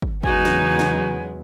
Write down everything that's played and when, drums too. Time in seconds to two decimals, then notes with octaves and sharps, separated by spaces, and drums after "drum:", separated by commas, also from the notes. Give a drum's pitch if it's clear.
0.02 drum: kick
0.23 E2 C#3 F#3 G#3 B3 D#4 F#4 G#5, drum: kick
0.45 drum: snare D4
0.79 drum: snare D4